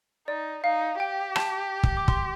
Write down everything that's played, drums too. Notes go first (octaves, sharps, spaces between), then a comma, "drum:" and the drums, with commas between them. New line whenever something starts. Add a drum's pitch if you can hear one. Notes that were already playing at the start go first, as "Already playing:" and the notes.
D#4 D5
D#4 F5
G4 G5
A5, drum: rim click
drum: kick
D6
C6, drum: kick